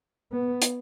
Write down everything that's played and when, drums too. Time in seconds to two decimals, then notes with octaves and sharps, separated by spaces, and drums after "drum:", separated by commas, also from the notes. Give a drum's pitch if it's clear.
0.32 B3
0.62 drum: hi-hat